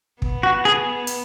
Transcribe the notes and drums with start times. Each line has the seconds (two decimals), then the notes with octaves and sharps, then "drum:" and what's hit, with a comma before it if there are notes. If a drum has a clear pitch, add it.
0.22 B3, drum: kick
0.43 F#4
0.65 G#4
1.07 drum: hi-hat